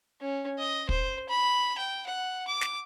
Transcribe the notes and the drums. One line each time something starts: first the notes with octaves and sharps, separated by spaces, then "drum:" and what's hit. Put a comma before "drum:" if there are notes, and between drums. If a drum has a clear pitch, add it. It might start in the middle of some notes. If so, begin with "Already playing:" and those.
C#4
D#5
C5, drum: kick
B5
G5
F#5
D6
drum: snare